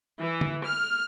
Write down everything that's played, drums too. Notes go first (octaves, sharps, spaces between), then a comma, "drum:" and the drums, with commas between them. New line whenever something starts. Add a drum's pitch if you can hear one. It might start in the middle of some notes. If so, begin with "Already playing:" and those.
E3
drum: tom D3
F6